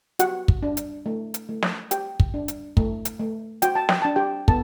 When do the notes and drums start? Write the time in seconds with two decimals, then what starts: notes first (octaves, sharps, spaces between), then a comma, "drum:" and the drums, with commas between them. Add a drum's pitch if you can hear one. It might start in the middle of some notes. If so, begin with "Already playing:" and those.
0.19 F#4 G4 F#5, drum: hi-hat
0.48 drum: kick
0.63 D4
0.77 drum: hi-hat
1.06 A3
1.34 drum: hi-hat
1.49 A3
1.62 drum: snare
1.91 G4 G5, drum: hi-hat
2.20 drum: kick
2.34 D4
2.48 drum: hi-hat
2.77 A3, drum: kick
3.05 drum: hi-hat
3.20 A3
3.62 F#4 G5, drum: hi-hat
3.75 A5
3.89 G5, drum: snare
4.02 D4 A5
4.16 G4 G5
4.48 B3 A4 A5, drum: kick